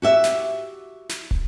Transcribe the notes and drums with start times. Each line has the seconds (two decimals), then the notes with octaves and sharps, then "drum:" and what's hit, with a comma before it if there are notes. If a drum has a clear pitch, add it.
0.02 F#4 G4 E5
0.24 drum: snare
1.09 drum: snare
1.31 drum: kick